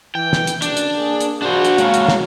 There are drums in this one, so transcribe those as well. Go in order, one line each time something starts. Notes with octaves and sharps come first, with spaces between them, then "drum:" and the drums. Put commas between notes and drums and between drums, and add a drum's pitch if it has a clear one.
E3 G5
drum: snare
drum: hi-hat
F#1 D4, drum: hi-hat
drum: hi-hat
A#3 G#4
drum: hi-hat
A#1 D4 F#4 C5
drum: hi-hat
G#3 A#3 C#5 F5, drum: hi-hat
drum: hi-hat
drum: snare